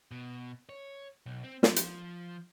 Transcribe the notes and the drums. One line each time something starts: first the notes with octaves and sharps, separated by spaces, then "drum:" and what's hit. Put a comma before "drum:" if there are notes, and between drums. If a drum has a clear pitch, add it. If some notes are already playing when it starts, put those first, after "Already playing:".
B2
C#5
B1
C4
F3, drum: snare
drum: hi-hat